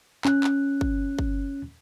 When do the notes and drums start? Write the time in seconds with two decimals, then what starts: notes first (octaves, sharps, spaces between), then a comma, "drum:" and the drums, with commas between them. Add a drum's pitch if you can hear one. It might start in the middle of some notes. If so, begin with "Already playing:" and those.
0.25 C#4 F#6, drum: clap
0.44 drum: clap
0.81 drum: kick
1.19 drum: kick